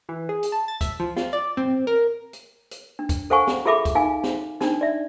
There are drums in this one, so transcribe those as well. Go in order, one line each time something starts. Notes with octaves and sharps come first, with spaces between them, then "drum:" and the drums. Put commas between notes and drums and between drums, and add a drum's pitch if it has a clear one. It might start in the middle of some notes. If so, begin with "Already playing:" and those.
E3
G#4
drum: hi-hat
A5
A6
E5, drum: kick, hi-hat
F3
F4, drum: snare
D5
C4, drum: tom
A#4
drum: hi-hat
drum: hi-hat
D4
drum: kick, hi-hat
A4 C5 F5 F#5 G#5 C#6
drum: snare
F4 G#4 A4 E5 B5 D6
drum: kick, hi-hat
D#4 F5 G#5
drum: snare
D4 D#4, drum: snare
D5 E5